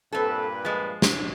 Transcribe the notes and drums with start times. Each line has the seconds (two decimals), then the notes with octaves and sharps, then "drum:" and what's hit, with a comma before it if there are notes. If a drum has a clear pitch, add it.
0.13 G2 A#2 C4 A4 B4
0.65 F3 G#3
1.02 drum: snare